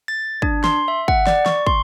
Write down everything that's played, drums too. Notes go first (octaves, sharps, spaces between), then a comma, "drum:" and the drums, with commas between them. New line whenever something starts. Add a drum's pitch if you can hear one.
A6
D4, drum: kick
C6, drum: snare
E5
F#5, drum: kick
D5, drum: snare
C#6, drum: snare
C6, drum: kick